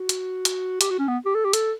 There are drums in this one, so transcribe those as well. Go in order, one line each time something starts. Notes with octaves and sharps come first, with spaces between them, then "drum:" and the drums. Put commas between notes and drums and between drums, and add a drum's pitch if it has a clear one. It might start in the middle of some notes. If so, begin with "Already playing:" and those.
Already playing: F#4
drum: hi-hat
drum: hi-hat
G4, drum: hi-hat
F#4
C#4
B3
G4
A4
G4
A4, drum: hi-hat